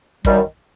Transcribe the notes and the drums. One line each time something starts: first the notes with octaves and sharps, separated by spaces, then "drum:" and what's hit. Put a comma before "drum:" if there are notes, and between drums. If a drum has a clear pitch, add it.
F#2 D#3 G3, drum: kick